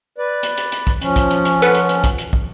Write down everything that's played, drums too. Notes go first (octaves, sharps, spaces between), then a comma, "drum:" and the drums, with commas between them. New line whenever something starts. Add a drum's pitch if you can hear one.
B4 D5
drum: hi-hat
drum: hi-hat
drum: hi-hat
drum: kick, hi-hat
F3 C#4, drum: hi-hat
drum: kick, hi-hat
drum: hi-hat
drum: hi-hat
A4 B4 F#5, drum: hi-hat
drum: hi-hat
drum: hi-hat
drum: kick, hi-hat
drum: hi-hat
drum: kick